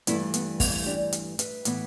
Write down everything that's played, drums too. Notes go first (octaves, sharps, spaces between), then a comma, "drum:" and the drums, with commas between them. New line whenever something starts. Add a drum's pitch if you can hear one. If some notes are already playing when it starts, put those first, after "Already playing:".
G2 E3 A3 B3 E4, drum: hi-hat
B3, drum: hi-hat
B3 E4, drum: kick, open hi-hat
D4 G4
drum: hi-hat
B4 E5, drum: hi-hat
A2 E3 B3, drum: hi-hat